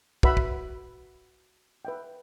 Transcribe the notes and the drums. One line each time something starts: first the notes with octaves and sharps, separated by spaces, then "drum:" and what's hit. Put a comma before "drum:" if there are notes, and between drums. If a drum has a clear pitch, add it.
F#4 B4 E5 B5, drum: kick
drum: kick
B4 E5 G5